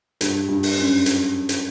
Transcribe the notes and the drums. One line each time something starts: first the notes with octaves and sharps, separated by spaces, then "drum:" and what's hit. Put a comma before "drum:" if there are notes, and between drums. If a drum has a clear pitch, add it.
G2, drum: hi-hat
G2
drum: open hi-hat
F#2
drum: hi-hat
drum: hi-hat